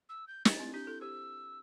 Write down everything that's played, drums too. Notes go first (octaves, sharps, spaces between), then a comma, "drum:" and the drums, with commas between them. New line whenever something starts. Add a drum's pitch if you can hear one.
E6
G6
D4 G4 A6, drum: snare
C4 E4
D4 G4 G6
E4 A4
G4 C5 E6